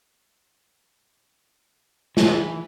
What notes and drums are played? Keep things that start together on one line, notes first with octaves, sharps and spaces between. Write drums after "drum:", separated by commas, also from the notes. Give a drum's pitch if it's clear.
E3, drum: snare